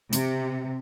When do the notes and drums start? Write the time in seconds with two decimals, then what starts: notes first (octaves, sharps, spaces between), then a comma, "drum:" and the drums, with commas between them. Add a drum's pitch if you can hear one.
0.13 C3, drum: hi-hat